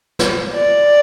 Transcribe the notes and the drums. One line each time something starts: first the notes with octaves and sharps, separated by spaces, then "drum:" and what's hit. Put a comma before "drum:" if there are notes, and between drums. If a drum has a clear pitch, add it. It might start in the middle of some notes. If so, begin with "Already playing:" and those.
drum: snare
D5